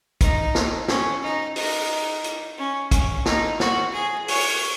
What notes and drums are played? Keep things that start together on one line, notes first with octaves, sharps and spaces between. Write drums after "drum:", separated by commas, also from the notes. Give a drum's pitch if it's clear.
D#4, drum: kick, hi-hat
drum: snare
C#4, drum: snare
D#4
D#4, drum: open hi-hat
drum: hi-hat
C#4
C#4, drum: kick, hi-hat
D#4, drum: snare
F#4, drum: snare
G#4
C#5, drum: open hi-hat